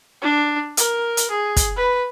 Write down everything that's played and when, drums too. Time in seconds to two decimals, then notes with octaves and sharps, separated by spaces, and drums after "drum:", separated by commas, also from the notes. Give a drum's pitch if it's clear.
0.22 D4
0.77 A#4, drum: hi-hat
1.17 drum: hi-hat
1.31 G#4
1.57 drum: kick, hi-hat
1.76 B4